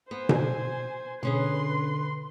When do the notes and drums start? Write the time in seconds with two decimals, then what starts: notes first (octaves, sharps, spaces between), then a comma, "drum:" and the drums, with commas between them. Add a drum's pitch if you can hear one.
0.11 B3 C5 G#5
0.29 drum: tom B2
1.23 B2 D3 B3 C#4 G#4 B4 C6